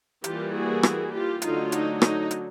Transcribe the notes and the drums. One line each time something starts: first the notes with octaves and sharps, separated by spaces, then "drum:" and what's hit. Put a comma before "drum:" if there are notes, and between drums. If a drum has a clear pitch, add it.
E3 G3 A#3 F4 G4, drum: hi-hat
F#4 G#4
drum: rim click
F4 G4
D3 F#3 A3 D#4 F4, drum: hi-hat
D#4, drum: hi-hat
D#4, drum: rim click
drum: hi-hat